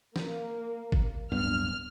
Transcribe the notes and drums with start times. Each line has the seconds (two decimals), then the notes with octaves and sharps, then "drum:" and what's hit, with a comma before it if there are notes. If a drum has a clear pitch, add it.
0.16 A#3, drum: snare
0.92 drum: kick
1.32 D1 G2 B3 F6